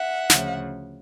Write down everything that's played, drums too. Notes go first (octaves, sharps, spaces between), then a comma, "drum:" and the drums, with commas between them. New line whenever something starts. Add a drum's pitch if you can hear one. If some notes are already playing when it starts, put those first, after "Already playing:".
Already playing: E5 F#5
D2 C#3 F3, drum: snare